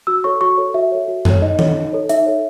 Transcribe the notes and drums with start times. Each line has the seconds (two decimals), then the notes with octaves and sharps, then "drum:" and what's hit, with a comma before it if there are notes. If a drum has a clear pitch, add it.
0.07 F#4 E6
0.24 A4 C#5 C#6
0.41 F#4 C#6
0.58 A4 C#5
0.74 F#4 E5
0.92 A4 C#5
1.08 F#4
1.25 A4 C#5, drum: tom F#2
1.42 D#4 D#5
1.59 A4 C#5, drum: tom D#3
1.75 D#4
1.93 A4 C#5
2.09 D#4 E5, drum: hi-hat
2.26 A4 C#5